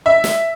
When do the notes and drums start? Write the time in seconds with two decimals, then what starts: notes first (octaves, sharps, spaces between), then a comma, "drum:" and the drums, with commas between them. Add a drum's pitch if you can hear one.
0.06 E5
0.24 drum: snare